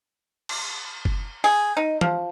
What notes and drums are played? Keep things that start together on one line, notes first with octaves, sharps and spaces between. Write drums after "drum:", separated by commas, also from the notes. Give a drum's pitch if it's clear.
drum: cymbal
drum: kick F#1
G#4, drum: open hi-hat
D#4
F3, drum: tom